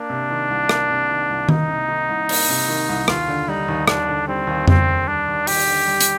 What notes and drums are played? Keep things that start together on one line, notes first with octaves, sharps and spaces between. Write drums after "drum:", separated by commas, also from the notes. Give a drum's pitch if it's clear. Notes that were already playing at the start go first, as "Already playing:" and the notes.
Already playing: A#3 D4
C3
D#3
C2
A#3, drum: rim click
C3
D#3
C2
A#3 D#4, drum: tom D#3
C3
D#3
C2
A#3, drum: open hi-hat
C3
D#3
C2
D#2 F4, drum: rim click
D3
G3 D#4
D#2
D#2 D4, drum: rim click
D3
G3 C4
D#2
D#2 C4, drum: tom F2
D3
G3 D4
D#2
D#2 G4, drum: open hi-hat
D3
G3
drum: hi-hat